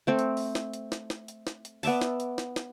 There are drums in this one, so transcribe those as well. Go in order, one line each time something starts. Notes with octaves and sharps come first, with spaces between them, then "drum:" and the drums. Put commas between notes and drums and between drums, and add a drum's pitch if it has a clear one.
A3 C4
drum: hi-hat
drum: open hi-hat
drum: snare
drum: hi-hat
drum: snare
drum: snare
drum: hi-hat
drum: snare
drum: hi-hat
B3 D5 E5 A5, drum: open hi-hat
drum: snare
drum: hi-hat
drum: snare
drum: snare